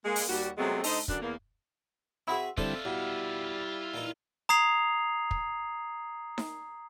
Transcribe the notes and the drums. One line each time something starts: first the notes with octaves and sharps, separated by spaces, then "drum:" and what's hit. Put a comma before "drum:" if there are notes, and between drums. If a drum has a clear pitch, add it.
G#3 A#3
drum: open hi-hat
D#2 G3 F#4
C3 F#3 G#3 A3 B3 C4
D3 A3 D#4 C5 D#5, drum: open hi-hat
F#2 D3 D4, drum: kick
E2 A#3
C4 F#4 G#4 E5
D3 G3 C4 E4 F4 A4 D5 E5, drum: kick
B2 G3 E4
A#2 E3 D#4
A#5 D#6 G#6 C7 F7
drum: kick
drum: snare D#4